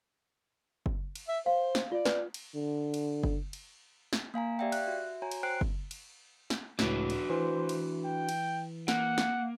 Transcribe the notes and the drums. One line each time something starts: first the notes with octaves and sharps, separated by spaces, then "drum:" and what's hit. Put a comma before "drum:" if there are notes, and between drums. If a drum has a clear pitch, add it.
drum: kick F#1
drum: cymbal
E5
C5 F5
drum: snare
F4 D5
B4, drum: snare
drum: cymbal
D3
drum: cymbal
drum: kick F#1
drum: cymbal
drum: snare
A#3 F5 G#5 A#5
G4 D5 E5 F5 G5
F#6, drum: cymbal
F#4 E5
F#4 C#5 G#5 A#5
drum: cymbal
C5 G5 F#6 C7 D7
drum: kick F#1
drum: cymbal
drum: snare
C#2 A2 D4 F#4 B4, drum: snare
drum: cymbal
E3 C5
drum: cymbal
G5
drum: cymbal
A#3 F#5, drum: snare
drum: snare